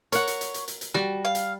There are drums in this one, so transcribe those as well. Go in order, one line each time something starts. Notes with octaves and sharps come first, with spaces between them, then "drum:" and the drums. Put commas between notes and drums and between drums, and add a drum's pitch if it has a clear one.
A#4 C#5 F#5, drum: hi-hat
drum: hi-hat
drum: hi-hat
drum: hi-hat
drum: hi-hat
drum: hi-hat
G3 F#4, drum: snare
F5
drum: hi-hat